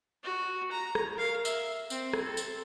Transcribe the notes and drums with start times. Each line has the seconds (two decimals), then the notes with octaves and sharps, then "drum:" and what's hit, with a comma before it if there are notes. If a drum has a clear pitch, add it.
0.23 F#4
0.72 A#5
0.95 drum: rim click
1.15 A#4 F5
1.45 E5, drum: tambourine
1.90 C4, drum: tambourine
2.13 drum: rim click
2.24 A4
2.37 drum: tambourine